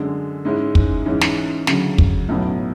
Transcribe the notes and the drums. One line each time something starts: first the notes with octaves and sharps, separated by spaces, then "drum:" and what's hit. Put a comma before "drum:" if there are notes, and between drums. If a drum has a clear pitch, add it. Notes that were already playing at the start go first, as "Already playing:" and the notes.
Already playing: F#2 D3 G#3
G#2 G#3 C#4 E4
drum: kick
G#2 E3 G#3 C#4
drum: snare
D2 C#3 F#3, drum: snare
drum: kick
B1 A2 F#3 B3